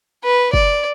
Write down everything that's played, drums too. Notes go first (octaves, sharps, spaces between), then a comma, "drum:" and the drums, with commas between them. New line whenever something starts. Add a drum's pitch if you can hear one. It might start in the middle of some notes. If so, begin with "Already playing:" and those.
B4
D5, drum: kick